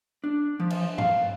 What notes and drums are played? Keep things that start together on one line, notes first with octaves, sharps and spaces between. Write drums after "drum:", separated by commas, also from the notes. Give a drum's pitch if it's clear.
D4
F3
drum: cymbal
F5, drum: tom G2